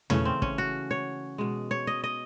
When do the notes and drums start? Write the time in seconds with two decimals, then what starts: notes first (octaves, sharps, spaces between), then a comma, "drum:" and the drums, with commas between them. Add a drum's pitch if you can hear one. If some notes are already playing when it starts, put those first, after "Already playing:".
0.10 C#3 E3 A3 C#4, drum: tom
0.25 C4
0.42 C#4, drum: kick
0.58 F#4
0.91 C#5
1.38 B2 G#3
1.71 C#5
1.87 D#5
2.04 D#5